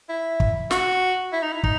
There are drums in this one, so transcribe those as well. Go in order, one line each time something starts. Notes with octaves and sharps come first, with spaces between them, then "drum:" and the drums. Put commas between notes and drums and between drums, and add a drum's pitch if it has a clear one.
E4
drum: kick
F#4, drum: snare
E4
D#4
E4
D#4, drum: kick